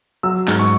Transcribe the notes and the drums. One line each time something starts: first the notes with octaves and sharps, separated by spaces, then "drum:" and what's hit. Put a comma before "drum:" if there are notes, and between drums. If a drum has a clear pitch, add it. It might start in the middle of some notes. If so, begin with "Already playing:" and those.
F#3 E6
G#2, drum: clap
C#6